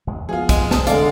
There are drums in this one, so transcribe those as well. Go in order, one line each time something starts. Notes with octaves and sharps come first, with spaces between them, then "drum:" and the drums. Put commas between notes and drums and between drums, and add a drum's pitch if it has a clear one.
A1 D#2 G#3
F3 G3 B3 F4 G#4
G#3, drum: kick, hi-hat
F1 D#3 C4 A5 D#6, drum: snare
D3 G#3 D5 F5, drum: hi-hat